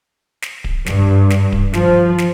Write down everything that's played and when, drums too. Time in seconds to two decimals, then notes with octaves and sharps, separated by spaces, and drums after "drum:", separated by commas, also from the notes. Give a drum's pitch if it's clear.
0.42 drum: snare
0.64 drum: kick D1
0.86 G2, drum: snare
1.30 drum: snare
1.52 drum: kick D1
1.73 F3, drum: snare
2.18 drum: snare